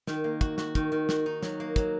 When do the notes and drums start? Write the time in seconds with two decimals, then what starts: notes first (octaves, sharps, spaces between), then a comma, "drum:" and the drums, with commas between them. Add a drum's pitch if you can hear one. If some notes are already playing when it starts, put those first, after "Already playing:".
0.07 D#3, drum: snare
0.24 A#3
0.41 F#4, drum: kick, hi-hat
0.58 F#4, drum: snare
0.75 D#3, drum: kick, hi-hat
0.92 D#3
1.09 F#4, drum: snare
1.26 D#4
1.42 F#3, drum: snare
1.60 A#3
1.76 F#3, drum: kick, hi-hat